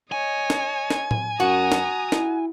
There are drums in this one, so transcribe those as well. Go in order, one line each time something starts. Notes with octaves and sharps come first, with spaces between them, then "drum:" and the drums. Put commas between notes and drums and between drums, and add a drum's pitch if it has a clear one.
C#5 D#5 G#5
drum: snare
drum: snare
drum: tom A2
F#2 F#4 A#5 D#6
drum: snare
E4, drum: snare